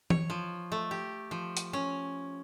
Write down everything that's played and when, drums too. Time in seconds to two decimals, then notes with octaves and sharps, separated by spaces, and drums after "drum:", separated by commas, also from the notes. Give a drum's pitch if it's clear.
0.10 C#5, drum: tom
0.30 F3
0.72 A3
0.91 G4
1.31 F3
1.57 drum: hi-hat
1.73 C#4